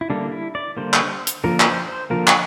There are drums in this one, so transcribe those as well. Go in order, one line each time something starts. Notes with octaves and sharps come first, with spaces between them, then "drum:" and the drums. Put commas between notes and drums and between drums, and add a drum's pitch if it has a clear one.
E4
D3 G3 A#3 D4
E4
D5
D3 G3 A#3 C5
drum: clap
drum: hi-hat
D3 F3 A#3 A#4
A#4, drum: clap
C5
C5
D3 F3 A#3 A#4
drum: clap